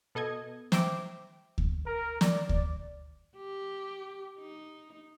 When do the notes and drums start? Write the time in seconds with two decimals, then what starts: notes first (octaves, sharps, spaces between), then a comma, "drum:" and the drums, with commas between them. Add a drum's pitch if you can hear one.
0.15 B2 A4 D#5 G#6
0.72 C5 E5 G5 D6, drum: snare
1.58 drum: kick D2
1.85 A#4
2.21 D5, drum: snare
2.49 drum: kick D2
3.36 G4
4.39 D#4